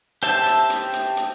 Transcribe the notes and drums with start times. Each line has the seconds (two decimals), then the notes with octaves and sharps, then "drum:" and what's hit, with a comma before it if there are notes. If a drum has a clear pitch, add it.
0.23 G4 C5 E5 G5 A5, drum: hi-hat
0.46 drum: hi-hat
0.70 drum: hi-hat
0.93 drum: hi-hat
1.17 drum: hi-hat